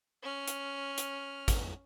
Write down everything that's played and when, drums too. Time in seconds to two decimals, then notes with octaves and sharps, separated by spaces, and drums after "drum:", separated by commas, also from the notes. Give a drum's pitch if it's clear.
0.22 C#4 F6
0.48 drum: hi-hat
0.98 drum: hi-hat
1.48 drum: kick, hi-hat